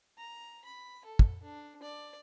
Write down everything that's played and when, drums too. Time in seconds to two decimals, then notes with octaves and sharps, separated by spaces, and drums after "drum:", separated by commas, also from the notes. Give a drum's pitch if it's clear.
0.18 A#5
0.65 B5
1.05 A4
1.19 drum: kick
1.43 D4
1.83 D5